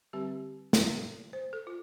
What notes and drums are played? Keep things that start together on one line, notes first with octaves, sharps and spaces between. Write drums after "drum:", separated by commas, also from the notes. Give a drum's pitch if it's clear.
D3 G3 C4 G4
drum: snare
C5
A4
F4